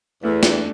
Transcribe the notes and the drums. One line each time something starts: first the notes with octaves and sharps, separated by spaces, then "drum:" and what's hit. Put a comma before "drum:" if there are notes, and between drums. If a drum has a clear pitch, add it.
E2 A3
D4, drum: snare